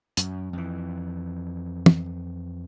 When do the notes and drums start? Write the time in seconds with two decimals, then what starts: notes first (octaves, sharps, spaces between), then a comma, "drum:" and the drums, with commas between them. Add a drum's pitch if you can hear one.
0.17 F#2, drum: hi-hat
0.53 F2 E3
1.86 drum: tom